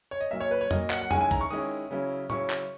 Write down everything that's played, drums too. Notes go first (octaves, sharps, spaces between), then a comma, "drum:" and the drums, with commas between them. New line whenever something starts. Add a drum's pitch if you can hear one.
C#5
D#5
A#2 F#3 A#3 E5
C#5
B4
C#5
A#2 F#3 A#3 D#5, drum: tom F2
F#5, drum: clap
F#5
D#3 G#3 C#4 E4 G#5, drum: tom F2
G#5
A#5, drum: kick
C#6
D#3 G#3 C#4 E4 D#6
C#3 F#3 C#4 E4
C#3 F#3 C#4 E4 C#6, drum: tom A2
drum: clap